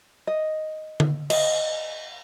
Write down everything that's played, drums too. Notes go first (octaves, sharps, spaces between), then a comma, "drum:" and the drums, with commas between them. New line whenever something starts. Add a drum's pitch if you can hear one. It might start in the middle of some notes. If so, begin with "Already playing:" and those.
D#5
drum: tom D3
D#5, drum: cymbal